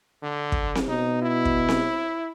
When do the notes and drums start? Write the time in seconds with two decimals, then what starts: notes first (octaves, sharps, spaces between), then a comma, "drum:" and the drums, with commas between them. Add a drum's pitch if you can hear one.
0.23 D3
0.52 drum: kick
0.75 drum: snare C4
0.89 B2 D#4
1.22 E4
1.45 drum: kick
1.69 drum: snare C4